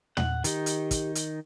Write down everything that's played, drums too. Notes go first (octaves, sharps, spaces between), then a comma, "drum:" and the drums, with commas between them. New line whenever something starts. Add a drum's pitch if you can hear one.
F#5, drum: tom
D#3 D#4 G4, drum: hi-hat
drum: hi-hat
drum: kick, hi-hat
drum: hi-hat